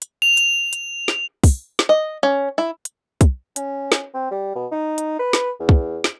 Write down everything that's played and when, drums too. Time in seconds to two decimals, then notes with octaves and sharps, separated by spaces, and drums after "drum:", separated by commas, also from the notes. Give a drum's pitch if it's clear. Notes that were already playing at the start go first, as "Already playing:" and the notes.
0.02 drum: hi-hat
0.22 F7
0.37 drum: hi-hat
0.73 drum: hi-hat
1.08 drum: snare
1.44 drum: kick, open hi-hat
1.79 drum: snare
1.89 D#5
2.23 C#4
2.58 E4
2.85 drum: hi-hat
3.21 drum: kick, hi-hat
3.56 C#4, drum: hi-hat
3.92 drum: snare
4.14 C4
4.31 G3
4.55 B2
4.72 D#4
4.98 drum: hi-hat
5.19 B4
5.33 drum: snare
5.60 E2
5.69 drum: kick
6.04 drum: snare